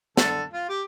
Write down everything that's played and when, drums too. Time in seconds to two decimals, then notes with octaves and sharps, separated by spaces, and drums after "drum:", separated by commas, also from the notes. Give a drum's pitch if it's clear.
0.17 D3 A4, drum: snare
0.53 F4
0.69 G4